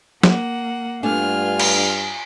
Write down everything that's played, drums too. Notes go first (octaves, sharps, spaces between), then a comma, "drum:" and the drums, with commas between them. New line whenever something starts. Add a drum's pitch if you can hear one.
A#3 F#5, drum: snare F#3
G2 A3 B3 D4 F4 G#5 F6
drum: cymbal